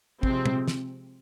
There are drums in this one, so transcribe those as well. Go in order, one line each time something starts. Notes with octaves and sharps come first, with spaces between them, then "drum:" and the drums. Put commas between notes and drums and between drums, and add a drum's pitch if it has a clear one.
C3 F3 G#3 C4, drum: kick
drum: tom
drum: snare